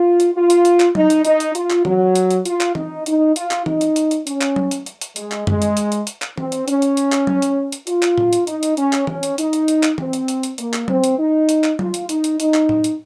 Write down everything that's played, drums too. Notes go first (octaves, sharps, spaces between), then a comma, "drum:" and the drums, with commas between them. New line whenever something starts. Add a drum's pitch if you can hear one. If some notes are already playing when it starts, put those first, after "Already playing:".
Already playing: F4
drum: hi-hat
F4
drum: hi-hat
drum: hi-hat
drum: clap
D#4, drum: tom F#3
drum: hi-hat
D#4, drum: hi-hat
drum: hi-hat
F4, drum: hi-hat
drum: clap
F#3, drum: tom
drum: hi-hat
drum: hi-hat
F4, drum: hi-hat
drum: clap
D#4, drum: tom
D#4, drum: hi-hat
F4, drum: hi-hat
drum: clap
D#4, drum: tom
drum: hi-hat
drum: hi-hat
drum: hi-hat
C#4, drum: hi-hat
drum: clap
drum: tom F#3
drum: hi-hat
drum: hi-hat
drum: hi-hat
G#3, drum: hi-hat
drum: clap
G#3, drum: tom F#2
drum: hi-hat
drum: hi-hat
drum: hi-hat
drum: hi-hat
drum: clap
C4, drum: tom
drum: hi-hat
C#4, drum: hi-hat
drum: hi-hat
drum: hi-hat
drum: clap
drum: tom F#3
drum: hi-hat
drum: hi-hat
F4, drum: hi-hat
drum: clap
drum: tom A2
drum: hi-hat
D#4, drum: hi-hat
drum: hi-hat
C#4, drum: hi-hat
drum: clap
C#4, drum: tom
drum: hi-hat
D#4, drum: hi-hat
drum: hi-hat
drum: hi-hat
drum: clap
C4, drum: tom
drum: hi-hat
drum: hi-hat
drum: hi-hat
A#3, drum: hi-hat
drum: clap
C4, drum: tom F#3
drum: hi-hat
D#4
drum: hi-hat
drum: clap
F4, drum: tom F#3
drum: hi-hat
D#4, drum: hi-hat
drum: hi-hat
D#4, drum: hi-hat
drum: clap
drum: tom A2
drum: hi-hat